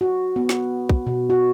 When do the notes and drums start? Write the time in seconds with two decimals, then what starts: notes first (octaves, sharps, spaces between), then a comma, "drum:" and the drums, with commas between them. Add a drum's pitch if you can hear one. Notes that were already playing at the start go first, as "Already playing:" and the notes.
0.01 F#4
0.36 B3
0.49 drum: snare
0.89 drum: kick
1.07 B2
1.30 F#4